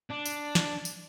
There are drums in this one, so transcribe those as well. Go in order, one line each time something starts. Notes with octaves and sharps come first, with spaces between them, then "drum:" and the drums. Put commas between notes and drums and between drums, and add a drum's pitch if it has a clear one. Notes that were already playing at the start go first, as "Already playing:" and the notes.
D4
drum: tambourine
drum: snare
drum: tambourine